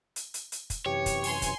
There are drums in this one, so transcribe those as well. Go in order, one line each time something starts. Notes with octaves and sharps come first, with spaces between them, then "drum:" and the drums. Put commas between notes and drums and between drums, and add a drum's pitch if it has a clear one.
drum: hi-hat
drum: hi-hat
drum: hi-hat
drum: kick, hi-hat
F#2 C3 E3 G4 C#5
drum: kick, hi-hat
G#5 C6, drum: open hi-hat
drum: kick, hi-hat